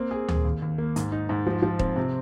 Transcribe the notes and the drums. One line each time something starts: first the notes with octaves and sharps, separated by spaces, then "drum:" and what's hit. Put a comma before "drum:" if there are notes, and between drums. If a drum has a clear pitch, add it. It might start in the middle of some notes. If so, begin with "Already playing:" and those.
Already playing: A#3 C4
G#4
G#4, drum: tom D2
D#2
D#2
A#3
G#2, drum: hi-hat
D#4
G#2
F3
F3
C4, drum: kick D#1
C3